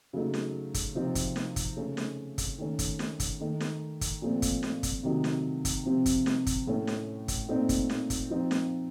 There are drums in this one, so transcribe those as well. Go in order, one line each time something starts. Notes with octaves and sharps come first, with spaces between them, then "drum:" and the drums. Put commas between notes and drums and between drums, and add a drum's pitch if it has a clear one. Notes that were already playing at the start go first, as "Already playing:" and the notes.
C#3 F#3 A3 D#4
drum: snare
drum: kick, hi-hat
C3 F3 C4 D#4
drum: kick, hi-hat
drum: snare
drum: kick, hi-hat
C#3 A3 C#4
drum: snare
drum: kick, hi-hat
D#3 A3 C#4
drum: kick, hi-hat
drum: snare
drum: kick, hi-hat
D#3 A3 D#4
drum: snare
drum: kick, hi-hat
A#2 F3 A3 C4
drum: kick, hi-hat
drum: snare
drum: kick, hi-hat
C3 D#3 F#3 A3 D#4
drum: snare
drum: kick, hi-hat
C3 F3 C4
drum: kick, hi-hat
drum: snare
drum: kick, hi-hat
A2 A3 C#4
drum: snare
drum: kick, hi-hat
A#2 A3 C4 D#4
drum: kick, hi-hat
drum: snare
drum: kick, hi-hat
F3 C4 D#4
drum: snare